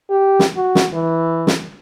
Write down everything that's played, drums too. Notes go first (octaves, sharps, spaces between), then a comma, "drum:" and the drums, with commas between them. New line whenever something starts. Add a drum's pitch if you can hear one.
G4
drum: snare
F#4
drum: snare
E3
drum: snare